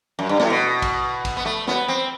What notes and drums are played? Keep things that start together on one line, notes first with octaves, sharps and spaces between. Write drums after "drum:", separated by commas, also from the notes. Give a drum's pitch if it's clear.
F#2
G2
A2, drum: snare
B2
drum: kick, cymbal
drum: kick, cymbal
B3
A3
B3, drum: snare
C4